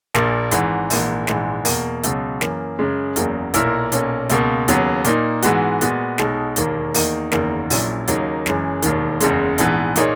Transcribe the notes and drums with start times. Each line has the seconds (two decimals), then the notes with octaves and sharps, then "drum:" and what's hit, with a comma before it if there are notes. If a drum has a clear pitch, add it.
0.14 A#1 A#2 A#3, drum: snare
0.51 G#1 G#2 E3, drum: hi-hat
0.90 A#1 G#2 E3 A#3, drum: open hi-hat
1.27 A#1 G#2 E3 G#3, drum: snare
1.65 E2 B2 A#3, drum: open hi-hat
2.04 C#2 B2 F#3, drum: hi-hat
2.41 F#2 E3 A#3, drum: snare
2.79 F#2 C#3 G#3
3.16 F#1 E2 C#3 F#3 A#3, drum: hi-hat
3.54 B1 A#2 A#3 E4 A#4, drum: hi-hat
3.92 B1 A#2 A#3 C#4, drum: hi-hat
4.30 C#2 B2 A#3, drum: hi-hat
4.68 D#2 C#3 F#3 B3, drum: hi-hat
5.05 A#2 A#3 D#4, drum: hi-hat
5.43 G#2 E3 G#3 B3 F#4, drum: hi-hat
5.81 A#2 G#3 B3 F#4, drum: hi-hat
6.18 B1 B2 G#3 D#4, drum: snare
6.56 E1 D#2 D#3 A#3, drum: hi-hat
6.94 E2 D#3 A#3 D#4, drum: open hi-hat
7.31 F#1 E2 D#3 A#3, drum: snare
7.70 A#1 A#2 F#3 C#4 E4, drum: open hi-hat
8.08 D#2 C#3 F#3 A#3 D#4, drum: hi-hat
8.46 F#1 F#2 E3 G#3, drum: snare
8.82 E1 D#2 D#3, drum: hi-hat
9.21 F#1 E2 C#3 G#3, drum: hi-hat
9.58 A#1 G#2 E3 B3, drum: hi-hat
9.96 A#2 A#3 D#4 G#4 C#5, drum: hi-hat